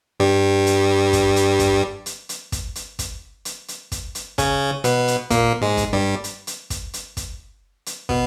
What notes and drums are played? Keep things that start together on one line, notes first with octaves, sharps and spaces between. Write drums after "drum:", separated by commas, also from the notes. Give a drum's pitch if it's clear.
G2 G3
drum: hi-hat
drum: kick, hi-hat
drum: hi-hat
drum: kick, hi-hat
drum: hi-hat
drum: hi-hat
drum: kick, hi-hat
drum: hi-hat
drum: kick, hi-hat
drum: hi-hat
drum: hi-hat
drum: kick, hi-hat
drum: hi-hat
C#3 C#4, drum: kick, hi-hat
B2 B3, drum: hi-hat
drum: hi-hat
A#2 A#3, drum: kick, hi-hat
G#2 G#3
drum: kick, hi-hat
G2 G3
drum: hi-hat
drum: hi-hat
drum: kick, hi-hat
drum: hi-hat
drum: kick, hi-hat
drum: hi-hat
B2 B3, drum: kick